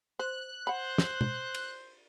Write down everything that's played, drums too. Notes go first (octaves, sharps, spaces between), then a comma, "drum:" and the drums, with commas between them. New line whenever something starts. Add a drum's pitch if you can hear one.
C5 F#6
C5 F#5 B5
drum: snare
drum: tom
drum: cymbal